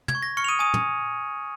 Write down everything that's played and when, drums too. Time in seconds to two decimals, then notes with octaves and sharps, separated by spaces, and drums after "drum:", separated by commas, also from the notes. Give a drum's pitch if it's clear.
0.08 G#6, drum: tom
0.15 C#6
0.22 A#6
0.37 C#6 F6 C#7
0.44 F7
0.48 D#6 D#7
0.59 G#5 D#6 D#7
0.74 drum: tom